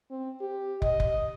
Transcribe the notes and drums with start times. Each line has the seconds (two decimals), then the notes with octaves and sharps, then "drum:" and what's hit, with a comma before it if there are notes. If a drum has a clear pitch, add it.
0.10 C4
0.40 G4
0.82 D#5, drum: kick
1.00 drum: kick